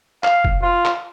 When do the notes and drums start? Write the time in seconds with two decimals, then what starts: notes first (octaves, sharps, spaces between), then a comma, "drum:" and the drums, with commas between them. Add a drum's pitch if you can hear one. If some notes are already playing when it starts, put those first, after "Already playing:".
0.24 F5, drum: clap
0.44 drum: kick F1
0.61 F4
0.85 drum: clap